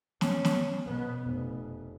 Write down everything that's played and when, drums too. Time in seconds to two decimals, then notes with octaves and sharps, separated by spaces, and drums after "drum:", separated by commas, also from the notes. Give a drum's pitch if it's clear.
0.21 C#4, drum: snare
0.45 drum: snare
0.86 B2 B3
1.23 F1